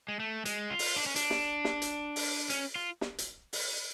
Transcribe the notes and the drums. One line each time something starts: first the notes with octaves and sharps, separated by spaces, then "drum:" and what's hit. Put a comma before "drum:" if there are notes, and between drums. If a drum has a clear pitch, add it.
G#3
A3
G#3, drum: hi-hat
F4
drum: open hi-hat
D4
C#4
D4, drum: hi-hat
drum: snare
drum: snare
drum: hi-hat
drum: open hi-hat
C#4, drum: hi-hat
F4
drum: snare
drum: hi-hat
drum: open hi-hat